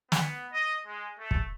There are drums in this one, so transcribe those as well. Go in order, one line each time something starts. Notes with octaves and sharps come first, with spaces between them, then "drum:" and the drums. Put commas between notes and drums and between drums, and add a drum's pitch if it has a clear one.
B3, drum: snare
D#5
G#3
A3
drum: kick